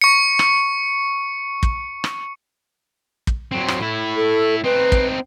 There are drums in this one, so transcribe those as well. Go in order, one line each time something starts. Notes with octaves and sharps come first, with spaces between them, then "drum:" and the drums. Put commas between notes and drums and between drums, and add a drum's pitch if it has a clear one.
C#6 C#7
drum: rim click
drum: kick
drum: rim click
drum: kick
F#3 C4
drum: rim click
A2 E4
A4
C4 D#4 B4
drum: kick